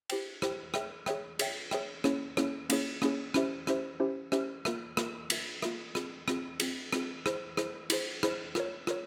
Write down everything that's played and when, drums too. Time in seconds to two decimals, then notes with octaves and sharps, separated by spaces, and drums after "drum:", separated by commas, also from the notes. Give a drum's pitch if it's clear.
0.09 E4 G4 C5 G5, drum: cymbal
0.42 E4 G4 C5 G5, drum: rim click
0.74 G#4 C#5 E5 G5, drum: rim click
1.06 G#4 C#5 E5 G5, drum: rim click
1.39 G#4 C#5 E5 G5, drum: cymbal
1.71 G#4 C#5 E5 G5, drum: rim click
2.04 A#3 C#4 E4 G#4 C#5, drum: rim click
2.37 A#3 C#4 E4 G#4 C#5, drum: rim click
2.70 A#3 C#4 E4 G#4 C#5, drum: cymbal
3.02 A#3 C#4 E4 G#4 C#5, drum: rim click
3.34 C#4 E4 G4 C5 E5, drum: rim click
3.67 C#4 E4 G4 C5 E5, drum: rim click
4.00 C#4 E4 G4 C5 E5
4.32 C#4 E4 G4 C5 E5, drum: rim click
4.65 A#3 F4 A#4 E5, drum: rim click
4.97 A#3 F4 A#4 E5, drum: rim click
5.30 A#3 F4 A#4 E5, drum: cymbal
5.62 A#3 F4 A#4 E5, drum: rim click
5.95 C4 F4 G#4, drum: rim click
6.28 C4 F4 G#4, drum: rim click
6.60 C4 F4 G#4, drum: cymbal
6.93 C4 F4 G#4, drum: rim click
7.26 E4 G#4 C5, drum: rim click
7.57 E4 G#4 C5, drum: rim click
7.90 E4 G#4 C5, drum: cymbal
8.23 E4 G#4 C5, drum: rim click
8.55 F4 A#4 C#5, drum: rim click
8.87 F4 A#4 C#5, drum: rim click